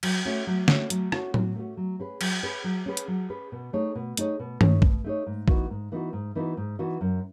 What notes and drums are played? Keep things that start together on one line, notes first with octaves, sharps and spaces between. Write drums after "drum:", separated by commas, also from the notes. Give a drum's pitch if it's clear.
F#3, drum: cymbal
A3 C#4 F#4
F#3
A3 C#4 F#4, drum: snare D3
F#3, drum: hi-hat
A3 C#4 F#4, drum: rim click
F#3, drum: tom A2
A3 C#4 F#4
F#3
C#4 G#4 B4
F#3, drum: cymbal
C#4 G#4 B4
F#3
C#4 G#4 B4
drum: hi-hat
F#3
C#4 G#4 B4
B2
A3 D#4 G#4 C#5
B2
A3 D#4 G#4 C#5, drum: hi-hat
B2
A3 D#4 G#4 C#5, drum: tom
B2, drum: kick A#1
A3 D#4 G#4 C#5
G#2
E3 B3 D#4 F#4, drum: kick A#1
G#2
E3 B3 D#4 F#4
G#2
E3 B3 D#4 F#4
G#2
E3 B3 D#4 F#4
F#2